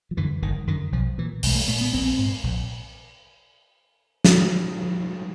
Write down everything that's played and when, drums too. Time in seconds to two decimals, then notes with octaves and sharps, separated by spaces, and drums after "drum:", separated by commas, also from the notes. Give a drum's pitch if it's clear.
0.11 F3
0.17 F#2 D3 E3
0.42 G1 D#3
0.67 F#2 D3 D#3
0.92 B1 F3
1.18 A#2 E3
1.43 B1 G#3, drum: open hi-hat
1.55 A3
1.68 A#2 A3
1.81 B3
1.93 A#1 C4
2.18 G#2
2.43 A#1
4.25 drum: snare